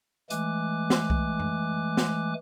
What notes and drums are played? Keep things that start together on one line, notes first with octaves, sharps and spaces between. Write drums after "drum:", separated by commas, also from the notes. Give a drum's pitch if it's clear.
E3 G#3 A3 G#5 D6 F#6, drum: hi-hat
drum: snare
drum: kick C2
drum: tom F#2
drum: snare